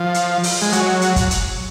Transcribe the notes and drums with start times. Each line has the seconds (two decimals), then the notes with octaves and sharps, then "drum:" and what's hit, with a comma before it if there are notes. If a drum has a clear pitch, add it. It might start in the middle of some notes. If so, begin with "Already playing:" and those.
Already playing: F3
0.14 drum: hi-hat
0.43 drum: open hi-hat
0.62 G#3
0.72 F#3, drum: hi-hat
1.02 drum: hi-hat
1.16 drum: kick, hi-hat
1.31 drum: hi-hat